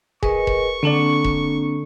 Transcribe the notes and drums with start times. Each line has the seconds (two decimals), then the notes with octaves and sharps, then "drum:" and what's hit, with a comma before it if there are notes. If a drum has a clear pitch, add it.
0.23 G#4 A#4 B4 D#5 C#6, drum: kick E1
0.47 drum: kick E1
0.83 D3 A#3 C4 D4 A4 D5
1.24 drum: kick E1